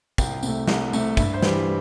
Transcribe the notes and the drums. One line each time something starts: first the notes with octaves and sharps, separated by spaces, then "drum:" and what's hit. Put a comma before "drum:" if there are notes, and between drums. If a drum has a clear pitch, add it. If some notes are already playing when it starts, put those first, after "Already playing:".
C2 G5, drum: kick, tambourine
C3 A3, drum: tambourine
C2, drum: snare
C3 A3, drum: tambourine
G2 E5, drum: kick, tambourine
C5
E3 G3, drum: snare